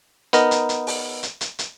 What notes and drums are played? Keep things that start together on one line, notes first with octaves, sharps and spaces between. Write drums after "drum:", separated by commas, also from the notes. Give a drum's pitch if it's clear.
B3 D#4 A#4 D#5, drum: hi-hat
drum: hi-hat
drum: hi-hat
drum: open hi-hat
drum: hi-hat
drum: hi-hat
drum: hi-hat